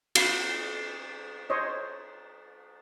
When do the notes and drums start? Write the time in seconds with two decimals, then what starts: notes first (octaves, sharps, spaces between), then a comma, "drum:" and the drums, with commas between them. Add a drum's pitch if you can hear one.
0.15 F#4 F5 B5, drum: cymbal
1.50 C5 C#5 D#5